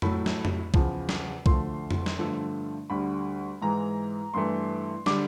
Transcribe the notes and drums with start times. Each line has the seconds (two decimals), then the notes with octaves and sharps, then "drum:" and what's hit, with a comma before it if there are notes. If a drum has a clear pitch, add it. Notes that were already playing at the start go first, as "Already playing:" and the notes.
0.02 A2 F#3 A3 B5, drum: tom F2
0.26 drum: snare
0.45 drum: tom F2
0.74 E2 C#3 F3, drum: kick B1
1.09 drum: snare
1.46 D2 D3 F3 A3 C6, drum: kick B1
1.91 drum: tom F2
2.06 drum: snare
2.19 G2 D3 F3 A3
2.90 D2 D3 G3 B5
3.62 G#2 E3 G#3 A#5
4.34 G2 E3 A3 C6
5.06 D3 G3 D6, drum: snare